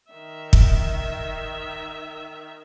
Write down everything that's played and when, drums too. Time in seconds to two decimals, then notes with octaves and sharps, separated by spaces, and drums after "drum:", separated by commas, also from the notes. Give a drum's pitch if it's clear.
0.11 D#3 E5
0.53 drum: kick